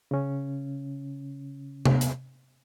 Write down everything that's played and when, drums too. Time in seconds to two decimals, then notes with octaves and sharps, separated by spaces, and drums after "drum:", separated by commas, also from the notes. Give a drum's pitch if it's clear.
0.11 C#3 C#4
1.85 drum: tom C3
2.01 drum: hi-hat